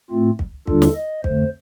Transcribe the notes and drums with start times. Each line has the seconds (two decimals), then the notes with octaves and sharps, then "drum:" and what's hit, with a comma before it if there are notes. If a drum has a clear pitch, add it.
0.10 A2 A3 C4 F4
0.39 drum: kick
0.67 D#2 D3 G3 D4 F4 A4, drum: kick
0.82 drum: snare
0.95 D#5
1.24 F2 D3 A3 C5, drum: kick